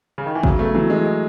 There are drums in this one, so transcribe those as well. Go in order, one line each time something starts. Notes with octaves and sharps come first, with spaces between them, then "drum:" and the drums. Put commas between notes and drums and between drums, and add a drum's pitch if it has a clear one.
C#3
D#3
E3
C#3 F#3, drum: kick A1
A3 B3
E3 F#3
E3 G#3
G#3